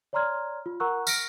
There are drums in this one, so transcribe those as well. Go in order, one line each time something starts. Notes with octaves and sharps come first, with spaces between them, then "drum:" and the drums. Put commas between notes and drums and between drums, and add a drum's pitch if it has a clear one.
C#5 D5 A#5 C6 F6 G#6
F4
A#4 F#5 A#5 C#6 E6 F#6
F6 A#6 D7, drum: tambourine